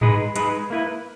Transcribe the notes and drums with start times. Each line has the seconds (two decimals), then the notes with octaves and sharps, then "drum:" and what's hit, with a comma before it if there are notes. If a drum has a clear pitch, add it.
0.01 G#3 D#4 G#4 B4, drum: tom G#2
0.36 G#3 D#4 G#4 B4, drum: hi-hat
0.70 A#3 E4 B4